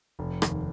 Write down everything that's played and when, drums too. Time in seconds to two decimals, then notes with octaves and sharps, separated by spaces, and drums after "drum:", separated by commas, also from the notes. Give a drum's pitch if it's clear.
0.19 F1
0.42 D#2, drum: rim click